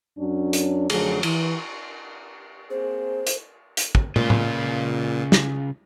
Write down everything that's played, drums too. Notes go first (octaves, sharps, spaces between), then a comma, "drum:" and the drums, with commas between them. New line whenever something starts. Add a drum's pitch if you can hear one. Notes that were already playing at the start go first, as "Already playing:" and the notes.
F#2 F#3 C#4 D4
drum: hi-hat
F#2 D3 F3 F#3 A3 G#4, drum: cymbal
E3, drum: cymbal
A#3 C4 G#4 C5
drum: hi-hat
drum: hi-hat
drum: kick
A#2 C#3 F4, drum: tom
drum: tom A2
drum: snare